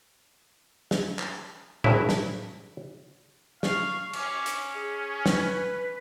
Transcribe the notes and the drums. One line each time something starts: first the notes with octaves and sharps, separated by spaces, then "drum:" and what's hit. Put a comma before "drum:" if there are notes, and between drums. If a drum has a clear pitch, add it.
drum: snare
drum: clap
G#1 G2 C#3 F#3 E4, drum: tom A2
drum: snare
F5 C#6, drum: snare
C#4 D6, drum: cymbal
drum: hi-hat
G#4
B4, drum: snare